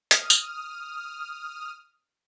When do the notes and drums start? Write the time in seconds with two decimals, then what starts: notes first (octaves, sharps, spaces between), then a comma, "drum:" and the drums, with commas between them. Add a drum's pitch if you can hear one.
0.11 D#6 F6, drum: hi-hat
0.30 drum: tambourine